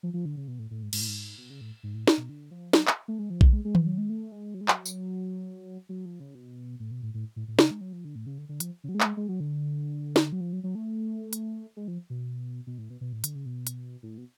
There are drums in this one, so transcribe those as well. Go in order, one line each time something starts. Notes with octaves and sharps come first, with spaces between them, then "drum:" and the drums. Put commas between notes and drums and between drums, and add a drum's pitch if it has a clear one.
F3
F3
D3
C#3
B2
A2
A2
G#2
G#2, drum: cymbal
A2
G#2
B2
C#3
A2
G#2
A2
drum: snare
B2
D3
F3
F#3, drum: snare
drum: clap
A3
G#3
F3
D3, drum: kick A#1
G#3
G#3
F3, drum: tom D#3
F#3
G#3
A3
G#3
F#3
G#3
F#3, drum: clap
drum: tambourine
F#3
F3
C#3
B2
A2
B2
A2
A2
A2
A2
C#3, drum: snare
G#3
F#3
F3
D3
A2
C#3
D3
D3
F3, drum: hi-hat
C#3
F#3
G#3
A3, drum: clap
G#3
G#3
F#3
D3
drum: snare
F#3
F3
F#3
F#3
A3
drum: hi-hat
G#3
F3
B2
B2
A2
B2
B2
A2
D3, drum: hi-hat
C#3
B2
drum: hi-hat
A2
B2